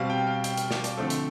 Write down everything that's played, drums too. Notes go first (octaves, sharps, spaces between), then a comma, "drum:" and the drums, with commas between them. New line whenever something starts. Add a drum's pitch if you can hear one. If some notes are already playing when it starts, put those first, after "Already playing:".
Already playing: B2 G3 C4 F5
G5
F5
G5, drum: hi-hat
drum: hi-hat
D5, drum: snare
D5, drum: hi-hat
D3 F3 A3 C4 A4
drum: hi-hat